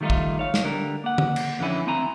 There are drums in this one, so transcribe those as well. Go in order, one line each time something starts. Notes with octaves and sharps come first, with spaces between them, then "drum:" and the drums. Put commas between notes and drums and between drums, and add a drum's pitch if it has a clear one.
D#3 G3 A3 C#4 D#4 F4
drum: kick
C#5 F5
drum: snare
D3 G3 A#4
A#3 F#5
drum: tom D3
drum: cymbal
F2 D3 E3 C#4 E4 G#5
D2 C4 E4 G#5 A#5